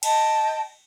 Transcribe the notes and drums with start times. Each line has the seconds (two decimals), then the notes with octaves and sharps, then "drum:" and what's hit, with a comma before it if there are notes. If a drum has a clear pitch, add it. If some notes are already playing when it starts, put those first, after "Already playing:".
0.03 D#5 G5 A5, drum: cymbal